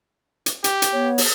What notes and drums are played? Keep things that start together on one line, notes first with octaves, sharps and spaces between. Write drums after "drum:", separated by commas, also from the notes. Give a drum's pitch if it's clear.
drum: hi-hat
G4, drum: hi-hat
drum: hi-hat
B3 C#5
drum: open hi-hat